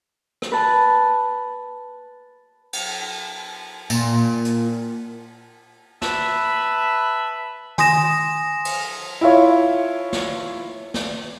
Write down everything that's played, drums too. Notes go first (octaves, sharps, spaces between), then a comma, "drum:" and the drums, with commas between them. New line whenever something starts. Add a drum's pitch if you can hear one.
drum: rim click
B4 A5
drum: cymbal
A#2, drum: tambourine
drum: hi-hat
B4 E5 A5 B5, drum: snare
G#5 C6 D#6 A#6 E7, drum: tom
drum: cymbal
E4 F4 C#5
drum: snare
drum: snare